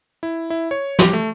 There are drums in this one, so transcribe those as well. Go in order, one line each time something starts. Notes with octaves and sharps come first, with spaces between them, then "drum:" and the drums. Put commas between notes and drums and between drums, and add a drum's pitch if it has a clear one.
E4
E4
C#5
G4, drum: snare
A3